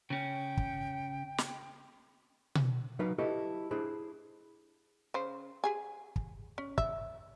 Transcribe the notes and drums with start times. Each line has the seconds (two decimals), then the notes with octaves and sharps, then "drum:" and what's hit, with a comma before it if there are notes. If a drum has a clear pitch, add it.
0.10 C#3 C#4 G5
0.57 drum: kick
1.38 drum: snare
2.55 drum: tom B2
2.99 F#3 D#4 B4 F5
3.18 E4 F#4 G4 A4 B4 D#5
3.71 D4 E4 G#4 C5
5.14 C#3 C5
5.64 G4 G#4 G#5
6.16 drum: kick
6.58 C#4
6.78 E5, drum: kick